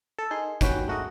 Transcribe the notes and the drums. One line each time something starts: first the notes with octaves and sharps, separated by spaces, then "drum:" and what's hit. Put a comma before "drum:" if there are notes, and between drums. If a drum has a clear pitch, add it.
A4
D#4 G#4 A#4 C6
D#2 F#3 C#4 F#4 B4 G5, drum: kick G1, hi-hat
G#3 A3 F#4 A#4 D#5